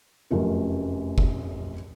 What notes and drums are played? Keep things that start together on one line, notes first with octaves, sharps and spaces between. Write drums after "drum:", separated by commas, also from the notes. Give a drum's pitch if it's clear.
F1 F#2 A3 C#4 F4 A#4
drum: kick F1